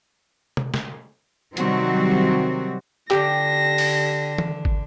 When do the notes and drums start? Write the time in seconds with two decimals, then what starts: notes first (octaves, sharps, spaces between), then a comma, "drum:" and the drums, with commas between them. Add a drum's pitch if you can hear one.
0.57 drum: tom C3
0.74 drum: snare
1.57 C3 D#3 F#3 G3 C4 F#4, drum: hi-hat
3.11 D3 G4 A#6, drum: clap
3.78 drum: open hi-hat
4.38 drum: tom
4.65 drum: kick